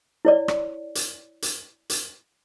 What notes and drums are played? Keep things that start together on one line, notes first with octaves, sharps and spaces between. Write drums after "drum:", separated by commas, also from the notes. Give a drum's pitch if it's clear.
E4 C#5 D5
drum: rim click
drum: hi-hat
drum: hi-hat
drum: hi-hat